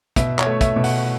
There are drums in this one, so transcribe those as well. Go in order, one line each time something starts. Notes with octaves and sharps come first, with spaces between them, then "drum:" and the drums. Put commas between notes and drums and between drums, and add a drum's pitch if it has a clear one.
B2 E5, drum: kick, hi-hat
C#5, drum: clap
A3
E5, drum: kick, hi-hat
B2
F#5, drum: open hi-hat